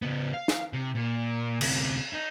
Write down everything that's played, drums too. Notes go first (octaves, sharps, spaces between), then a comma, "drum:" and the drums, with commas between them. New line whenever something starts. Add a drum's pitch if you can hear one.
C#3 B3
F5
drum: snare
C3
A#2
D2 C3, drum: cymbal
D#4